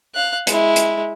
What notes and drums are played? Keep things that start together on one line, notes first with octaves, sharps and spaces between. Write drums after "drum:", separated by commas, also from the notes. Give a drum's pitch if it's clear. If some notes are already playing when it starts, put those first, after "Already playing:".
F5 F#6
G#3 E4, drum: hi-hat
drum: hi-hat